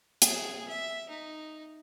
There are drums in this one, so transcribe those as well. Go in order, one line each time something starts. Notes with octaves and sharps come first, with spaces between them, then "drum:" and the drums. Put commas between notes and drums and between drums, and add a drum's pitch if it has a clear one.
G#4, drum: hi-hat
E5
D#4